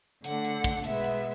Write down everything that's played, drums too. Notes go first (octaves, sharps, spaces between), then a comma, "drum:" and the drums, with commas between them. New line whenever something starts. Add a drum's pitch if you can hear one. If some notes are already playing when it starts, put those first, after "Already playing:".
D3 A3 D4 F#5, drum: hi-hat
drum: hi-hat
drum: kick
B2 G#3 B3 E5, drum: hi-hat
drum: hi-hat